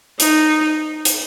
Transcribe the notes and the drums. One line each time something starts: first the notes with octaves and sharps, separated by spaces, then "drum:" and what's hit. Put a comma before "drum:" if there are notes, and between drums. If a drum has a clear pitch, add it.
D#4, drum: hi-hat
drum: hi-hat